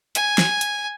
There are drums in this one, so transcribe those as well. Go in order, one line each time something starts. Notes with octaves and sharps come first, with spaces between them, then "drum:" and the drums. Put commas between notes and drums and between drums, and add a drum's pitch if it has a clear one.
G#5, drum: hi-hat
drum: snare
drum: hi-hat